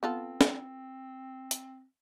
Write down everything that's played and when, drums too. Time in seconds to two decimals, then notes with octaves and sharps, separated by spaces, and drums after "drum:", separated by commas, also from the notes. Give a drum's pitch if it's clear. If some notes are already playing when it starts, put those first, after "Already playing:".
0.03 B3 C4 F4 A4
0.41 drum: snare
1.51 drum: hi-hat